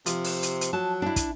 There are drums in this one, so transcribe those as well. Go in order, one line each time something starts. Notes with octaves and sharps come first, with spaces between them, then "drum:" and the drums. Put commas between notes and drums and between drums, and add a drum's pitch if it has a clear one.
C3 F3, drum: hi-hat
drum: open hi-hat
drum: hi-hat
drum: hi-hat
F#3 A5
D4 E4
drum: kick, hi-hat